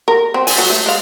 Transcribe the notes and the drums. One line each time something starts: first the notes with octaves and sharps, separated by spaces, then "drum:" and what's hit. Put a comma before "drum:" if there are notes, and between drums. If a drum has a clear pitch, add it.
A#4
C4
G#5, drum: open hi-hat
F#3
A3
G#3 F5